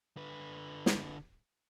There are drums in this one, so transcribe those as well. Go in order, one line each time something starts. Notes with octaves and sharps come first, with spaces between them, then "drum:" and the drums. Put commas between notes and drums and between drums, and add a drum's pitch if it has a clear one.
D3 B4
drum: snare